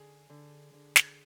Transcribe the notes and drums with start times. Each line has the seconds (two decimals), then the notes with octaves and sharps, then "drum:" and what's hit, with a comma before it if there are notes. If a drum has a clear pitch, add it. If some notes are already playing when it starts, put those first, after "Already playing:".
Already playing: D3 G#4
0.30 D3
0.73 D3
0.96 drum: snare